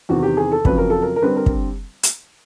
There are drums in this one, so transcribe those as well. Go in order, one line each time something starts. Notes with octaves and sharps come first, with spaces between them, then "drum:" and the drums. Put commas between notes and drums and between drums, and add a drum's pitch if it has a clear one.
E2 C3 D#3 F#4
G4
G#4
A4
F2 C#3 F#3 B4, drum: kick
A#4
A4
A#4
A#4
D3 G3 C4 B4
A#4
drum: kick
drum: hi-hat